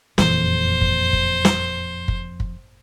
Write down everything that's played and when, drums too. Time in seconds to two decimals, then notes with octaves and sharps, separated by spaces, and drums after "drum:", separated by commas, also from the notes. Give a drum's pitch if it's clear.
0.18 F#1 F2 A#2 E3 C5, drum: snare
0.81 drum: kick
1.13 drum: kick
1.45 drum: snare
2.08 drum: kick
2.40 drum: kick